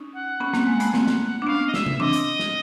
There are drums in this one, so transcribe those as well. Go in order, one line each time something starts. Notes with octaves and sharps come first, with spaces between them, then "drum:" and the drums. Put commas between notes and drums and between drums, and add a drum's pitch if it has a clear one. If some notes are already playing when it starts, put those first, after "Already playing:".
Already playing: C#4 D#4
F#5
B3 C#4
A#3 C4, drum: snare
G#3 A#3
A3 B3, drum: hi-hat
A#3 C4, drum: snare
drum: snare
D4 F#5
B3 C#4 F5
D#5
E5, drum: snare
drum: tom
C4 D4 D#5, drum: tom E3
drum: hi-hat
drum: snare